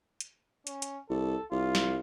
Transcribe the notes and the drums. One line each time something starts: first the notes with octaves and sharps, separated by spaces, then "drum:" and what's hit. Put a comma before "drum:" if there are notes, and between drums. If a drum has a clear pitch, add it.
drum: hi-hat
C#4, drum: hi-hat
drum: hi-hat
C2 A4
C2 F4
drum: snare